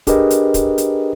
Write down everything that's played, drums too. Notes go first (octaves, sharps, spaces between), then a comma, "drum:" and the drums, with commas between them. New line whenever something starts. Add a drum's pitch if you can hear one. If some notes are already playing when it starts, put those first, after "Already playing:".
D4 G4 G#4 A#4 B4 D#5, drum: kick, hi-hat
drum: hi-hat
drum: kick, hi-hat
drum: hi-hat